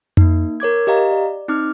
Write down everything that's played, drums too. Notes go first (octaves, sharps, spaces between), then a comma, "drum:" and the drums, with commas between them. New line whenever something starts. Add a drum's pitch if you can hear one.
A#3 D#4, drum: tom F2
A#4 C#5 D6 G#6
G4 D#5 F5 A#5
D5
C4 D#4 D6 F6